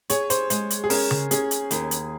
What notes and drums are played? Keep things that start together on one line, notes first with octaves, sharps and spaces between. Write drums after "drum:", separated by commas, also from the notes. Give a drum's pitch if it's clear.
G#4 C#5, drum: hi-hat
C5, drum: hi-hat
G#3 C5, drum: hi-hat
drum: hi-hat
G#4
C#4 A#4, drum: open hi-hat
drum: tom C#3
C#4 G#4, drum: hi-hat
drum: hi-hat
D#2, drum: hi-hat
drum: hi-hat